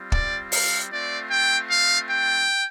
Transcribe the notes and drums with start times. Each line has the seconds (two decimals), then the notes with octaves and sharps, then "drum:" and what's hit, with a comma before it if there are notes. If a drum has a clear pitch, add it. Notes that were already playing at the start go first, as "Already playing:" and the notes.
Already playing: G3 C4 F4
0.12 D5, drum: kick
0.52 F5, drum: open hi-hat
0.92 A3 C4 F4 D5
1.31 G5
1.71 F5
2.11 G5